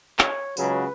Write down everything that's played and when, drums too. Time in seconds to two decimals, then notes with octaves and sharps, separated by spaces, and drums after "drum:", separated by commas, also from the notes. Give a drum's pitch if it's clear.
0.19 C#5, drum: clap
0.57 C#2 C#3 F#3 B4, drum: tambourine